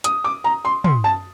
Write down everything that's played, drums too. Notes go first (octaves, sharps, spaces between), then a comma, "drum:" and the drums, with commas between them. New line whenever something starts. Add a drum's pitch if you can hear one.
D#6, drum: hi-hat
D6
A#5
C6
C6, drum: tom
A5